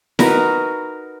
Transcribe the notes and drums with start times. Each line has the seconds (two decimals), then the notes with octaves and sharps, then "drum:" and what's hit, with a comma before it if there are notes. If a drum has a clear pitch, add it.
0.19 D#4 F#4 A#4 B4, drum: snare E4